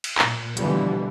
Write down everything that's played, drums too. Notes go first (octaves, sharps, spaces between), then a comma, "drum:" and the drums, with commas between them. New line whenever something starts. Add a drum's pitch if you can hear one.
drum: cymbal
A#2, drum: clap
B2 D3 E3 F3 G3, drum: hi-hat